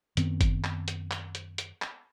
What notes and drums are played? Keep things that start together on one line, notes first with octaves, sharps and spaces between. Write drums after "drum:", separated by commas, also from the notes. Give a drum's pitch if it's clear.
F#2 D#3 B3 C4, drum: hi-hat
drum: kick G1, hi-hat
drum: clap
drum: hi-hat
drum: clap
drum: hi-hat
drum: hi-hat
drum: clap